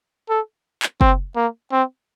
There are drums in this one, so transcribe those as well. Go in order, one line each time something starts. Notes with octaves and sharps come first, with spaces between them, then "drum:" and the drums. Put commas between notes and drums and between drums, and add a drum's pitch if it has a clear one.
A4
drum: clap
C4, drum: kick
A#3
C4